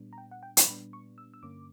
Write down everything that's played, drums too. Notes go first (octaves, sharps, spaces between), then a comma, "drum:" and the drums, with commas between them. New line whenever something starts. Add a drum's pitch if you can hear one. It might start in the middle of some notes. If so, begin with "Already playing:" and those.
Already playing: A#2 G3 B3 D4
A#5
G5
F#5
G5
C#6, drum: hi-hat
A#2 G3 B3 D4 B5
C#6
E6
E6
G2 D3 A#3 C#4 D6